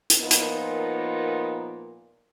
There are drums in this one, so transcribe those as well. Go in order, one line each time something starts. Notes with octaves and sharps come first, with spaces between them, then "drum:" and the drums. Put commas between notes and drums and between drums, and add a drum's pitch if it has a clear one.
drum: hi-hat
A#2 F3 B3 D#4 A#4
drum: hi-hat